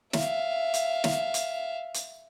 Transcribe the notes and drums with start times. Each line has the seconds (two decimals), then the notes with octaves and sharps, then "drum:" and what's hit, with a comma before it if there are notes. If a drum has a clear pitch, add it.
0.13 E5 F5, drum: snare
0.74 drum: hi-hat
1.04 drum: snare
1.34 drum: hi-hat
1.94 drum: hi-hat